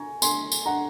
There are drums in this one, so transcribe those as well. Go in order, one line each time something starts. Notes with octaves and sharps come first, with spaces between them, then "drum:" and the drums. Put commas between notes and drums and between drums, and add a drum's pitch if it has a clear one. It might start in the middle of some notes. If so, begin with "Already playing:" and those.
Already playing: G#5 A#5 C#6
G#5 C6, drum: tambourine
drum: tambourine
F#5 A#5